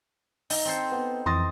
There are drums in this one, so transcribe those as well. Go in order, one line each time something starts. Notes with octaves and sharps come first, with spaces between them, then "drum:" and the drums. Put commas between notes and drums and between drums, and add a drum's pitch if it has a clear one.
D#4, drum: open hi-hat
C4 A4 C5
B3
F2 E3 C6 D#6 A6 A#6